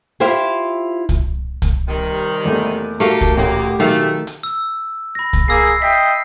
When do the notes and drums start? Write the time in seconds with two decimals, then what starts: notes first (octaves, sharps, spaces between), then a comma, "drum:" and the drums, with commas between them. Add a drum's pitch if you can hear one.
0.20 E4 F4 G4 C5 E5 F5
1.09 drum: kick C2, hi-hat
1.62 drum: kick C2, hi-hat
1.88 C3 D#3 G3
2.45 E2 A3 A#3
3.00 D#3 A3 A#3 F#4 G4 F5 A5
3.21 drum: kick C2, hi-hat
3.37 A1 D2 A#3 G4
3.80 B1 D#3 A3 F5
4.27 drum: hi-hat
4.43 E6
5.15 B5 A#6
5.33 drum: kick C2, hi-hat
5.48 A#3 G#4 E6 A#6 C7
5.82 D#5 E5 G5 B6 C7